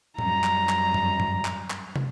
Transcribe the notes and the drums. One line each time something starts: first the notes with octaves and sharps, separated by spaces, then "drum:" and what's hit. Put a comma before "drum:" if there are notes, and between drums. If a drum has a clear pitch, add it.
F#2 G3 A#5, drum: tom A2
drum: clap
drum: clap
drum: tom G2
drum: tom G2
drum: clap
drum: clap
drum: tom